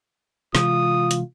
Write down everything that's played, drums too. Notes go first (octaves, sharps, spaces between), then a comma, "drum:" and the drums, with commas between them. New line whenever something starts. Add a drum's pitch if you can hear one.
C3 E3 G#3 F4 D#6, drum: snare
drum: hi-hat